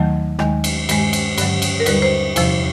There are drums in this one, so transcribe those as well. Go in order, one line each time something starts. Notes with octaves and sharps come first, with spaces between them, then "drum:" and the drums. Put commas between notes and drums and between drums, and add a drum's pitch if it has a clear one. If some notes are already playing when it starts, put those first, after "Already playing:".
Already playing: D#2 D#3 F#3 A3
D#2 D#3 G#3, drum: rim click
drum: cymbal
G2 D#3 G#3, drum: cymbal
drum: cymbal
G2 D3 F#3, drum: cymbal
drum: cymbal
A#4
D#2 D3 G3 B4, drum: cymbal
C5
E2 C3 F3, drum: cymbal